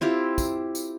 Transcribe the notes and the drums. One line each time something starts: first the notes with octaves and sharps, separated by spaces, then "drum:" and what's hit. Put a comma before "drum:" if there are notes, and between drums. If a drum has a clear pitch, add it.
C4 E4 F4 G4
drum: kick, tambourine
drum: tambourine